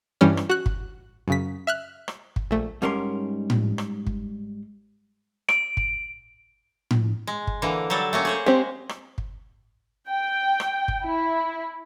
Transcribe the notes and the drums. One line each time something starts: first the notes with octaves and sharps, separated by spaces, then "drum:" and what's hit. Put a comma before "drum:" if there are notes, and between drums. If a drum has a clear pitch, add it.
G2 E3 G3 C#4
drum: rim click
F#4 F#6
drum: kick G1
F#2 C#3 B6
E5 F6 F#6
drum: rim click
drum: kick G1
A#1 A3
G#2 G3 C#4 A#4 B4 C6
drum: tom A2
drum: rim click
drum: kick G1
D7, drum: rim click
drum: kick G1
drum: tom A2
G#3
drum: kick G1
D3 E3 A#3
F#3 G3 A4
A3 A#3 C#4
G#4 C5 C#5
G#3 C4 G4
drum: rim click
drum: kick G1
G5
drum: rim click
drum: kick G1
E4